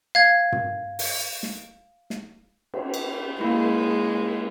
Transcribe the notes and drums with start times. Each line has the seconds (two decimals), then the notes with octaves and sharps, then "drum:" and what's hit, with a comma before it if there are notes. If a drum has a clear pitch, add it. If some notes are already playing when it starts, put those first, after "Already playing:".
0.15 F5 G#6
0.52 drum: tom
0.99 drum: open hi-hat
1.43 drum: snare
2.10 drum: snare
2.74 drum: cymbal
2.94 drum: cymbal
3.41 G#3 A#3 E4